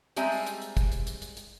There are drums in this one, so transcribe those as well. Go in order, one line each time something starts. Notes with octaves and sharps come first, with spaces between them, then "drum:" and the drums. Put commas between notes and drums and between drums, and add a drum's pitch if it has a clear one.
G3 G#3 C4 E5 G#5 A#5, drum: hi-hat
drum: open hi-hat
drum: hi-hat
drum: hi-hat
drum: kick, hi-hat
drum: hi-hat
drum: hi-hat
drum: hi-hat
drum: hi-hat